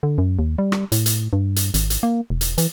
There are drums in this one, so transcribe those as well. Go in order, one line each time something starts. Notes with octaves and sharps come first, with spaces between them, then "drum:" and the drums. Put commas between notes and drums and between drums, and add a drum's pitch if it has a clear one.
D3
F#2
D#2
G3
drum: rim click
A2, drum: hi-hat
drum: hi-hat
G2
drum: hi-hat
G#1, drum: hi-hat
drum: hi-hat
A#3
E1
drum: hi-hat
E3, drum: hi-hat